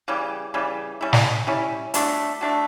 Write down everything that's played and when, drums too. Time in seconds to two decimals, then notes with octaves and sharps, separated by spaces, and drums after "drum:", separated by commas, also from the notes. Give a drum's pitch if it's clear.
0.08 C#3 E3 G3
0.54 C#3 E3 G3
1.01 G3 C#4 E4
1.13 drum: snare
1.47 G3 C#4 E4
1.94 A3 D4 F#4, drum: hi-hat
2.41 A3 D4 F#4